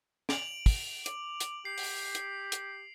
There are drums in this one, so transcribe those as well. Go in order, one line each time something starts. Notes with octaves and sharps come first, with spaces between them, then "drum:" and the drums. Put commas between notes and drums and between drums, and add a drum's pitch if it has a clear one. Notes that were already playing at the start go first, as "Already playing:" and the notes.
D7 F7 F#7, drum: snare
drum: kick, open hi-hat
D6, drum: hi-hat
drum: hi-hat
G4 C7
drum: open hi-hat
drum: hi-hat
drum: hi-hat